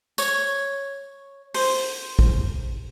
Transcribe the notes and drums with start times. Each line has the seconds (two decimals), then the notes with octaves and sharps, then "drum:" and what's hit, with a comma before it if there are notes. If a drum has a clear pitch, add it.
0.18 C#5, drum: tambourine
1.54 C5, drum: open hi-hat
2.19 drum: kick